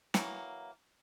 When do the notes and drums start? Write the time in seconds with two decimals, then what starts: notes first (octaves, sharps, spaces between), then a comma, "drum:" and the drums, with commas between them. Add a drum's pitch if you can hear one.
0.14 E3 F#3 A#3, drum: snare